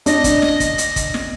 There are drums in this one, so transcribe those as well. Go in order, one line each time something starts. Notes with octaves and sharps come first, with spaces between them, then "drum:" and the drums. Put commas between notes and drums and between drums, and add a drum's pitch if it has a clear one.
D4 D#5, drum: hi-hat
drum: kick, hi-hat
drum: snare
drum: kick, hi-hat
drum: hi-hat
drum: kick, hi-hat
drum: snare